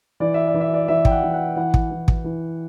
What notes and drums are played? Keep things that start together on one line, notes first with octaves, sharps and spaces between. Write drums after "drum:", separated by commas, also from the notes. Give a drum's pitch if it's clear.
E3 D5
E5
D5
E3
E5
D5
E3 E5
G5, drum: kick
F#5
E3
F#5
E3 F#5
drum: kick
E3
drum: kick
E3